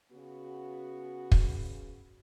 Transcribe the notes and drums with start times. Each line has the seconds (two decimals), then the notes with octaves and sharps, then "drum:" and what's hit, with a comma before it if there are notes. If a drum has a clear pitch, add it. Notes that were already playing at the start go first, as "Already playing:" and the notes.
0.12 C#3 B3 F#4
1.32 drum: kick